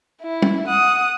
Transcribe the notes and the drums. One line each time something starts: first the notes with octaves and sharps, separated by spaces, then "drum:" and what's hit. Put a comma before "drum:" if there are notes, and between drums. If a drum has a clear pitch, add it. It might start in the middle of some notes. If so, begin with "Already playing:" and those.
E4
drum: tom
F#5 D#6